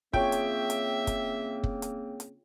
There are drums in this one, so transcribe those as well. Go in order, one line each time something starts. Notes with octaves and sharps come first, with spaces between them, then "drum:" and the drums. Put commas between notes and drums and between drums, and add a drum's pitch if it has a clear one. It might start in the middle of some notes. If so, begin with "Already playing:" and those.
C#3 A#3 C4 F4 G#4 C#5 E5 G5, drum: kick
drum: hi-hat
drum: hi-hat
drum: kick, hi-hat
drum: kick
drum: hi-hat
drum: hi-hat